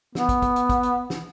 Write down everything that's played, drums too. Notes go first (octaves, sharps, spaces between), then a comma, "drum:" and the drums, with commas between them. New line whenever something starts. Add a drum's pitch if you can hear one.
B3, drum: snare
drum: kick, hi-hat
drum: kick, hi-hat
drum: hi-hat
drum: kick, hi-hat
drum: hi-hat
drum: snare